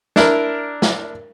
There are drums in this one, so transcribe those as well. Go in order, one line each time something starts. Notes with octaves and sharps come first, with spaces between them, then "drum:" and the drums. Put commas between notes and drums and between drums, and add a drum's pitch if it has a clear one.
D4 E4 A#4 D5, drum: snare
drum: snare